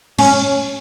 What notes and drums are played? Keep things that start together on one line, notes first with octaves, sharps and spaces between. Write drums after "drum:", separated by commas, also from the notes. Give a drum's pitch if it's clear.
C#4, drum: cymbal